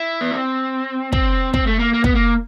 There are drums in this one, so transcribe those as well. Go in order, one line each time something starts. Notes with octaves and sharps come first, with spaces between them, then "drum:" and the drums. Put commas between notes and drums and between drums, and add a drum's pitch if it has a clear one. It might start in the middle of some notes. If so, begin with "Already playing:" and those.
Already playing: E4
B3
C4
C4, drum: kick
C4, drum: kick
A3
A#3
A#3
B3, drum: kick
A#3